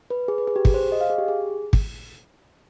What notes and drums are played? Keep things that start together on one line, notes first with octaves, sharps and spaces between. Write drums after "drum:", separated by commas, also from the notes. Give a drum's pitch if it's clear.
B4
G#4
B4
G#4
G4
G#4, drum: kick
C5
D#5
F5
G#4
G4
G#4
drum: kick